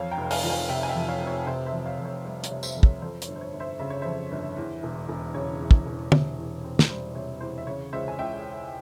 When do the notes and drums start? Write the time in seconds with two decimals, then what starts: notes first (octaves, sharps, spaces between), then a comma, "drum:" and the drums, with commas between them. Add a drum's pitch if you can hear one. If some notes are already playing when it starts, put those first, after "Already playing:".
Already playing: F2 C#5 F5
0.11 G5 A#5
0.18 F1
0.23 G5
0.31 F5 G#5, drum: open hi-hat
0.44 F3
0.50 F5 G#5
0.69 C3 E5 G5
0.83 G#5
0.89 E5 G5
0.96 F2
1.09 C#5 F5
1.21 F1
1.27 C#5
1.47 C3 C5
1.66 C5 E5
1.73 F2
1.86 C#5 F5
1.99 F2
2.05 C#5
2.24 G3 C5 E5
2.44 C#5 F5, drum: hi-hat
2.51 C3
2.63 C5 E5, drum: tambourine
2.76 F2
2.83 C#5, drum: kick
3.02 F2 C5
3.22 C#5, drum: hi-hat
3.28 G1
3.36 C5
3.41 C#5
3.54 G1
3.60 C5 E5
3.79 C#3 E5
3.90 C#5
4.02 F2 C5 E5
4.31 G1
4.57 E2
4.83 E1
5.09 E1
5.34 C#3 C#5
5.61 E2
5.71 drum: kick
5.86 E1
6.12 C3, drum: tom
6.38 E2
6.64 C4
6.79 drum: snare
6.89 G3 C5
7.15 C3 C#5
7.41 E2 C5
7.58 E5
7.67 C#3 C#5
7.93 C#2 C5 E5
8.08 G#5
8.18 C#2 E5 G5